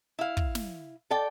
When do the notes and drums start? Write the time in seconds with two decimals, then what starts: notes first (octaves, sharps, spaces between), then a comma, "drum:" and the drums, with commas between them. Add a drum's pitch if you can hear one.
0.19 E4 F5
0.37 drum: kick
0.55 drum: snare
1.11 A4 D5 G5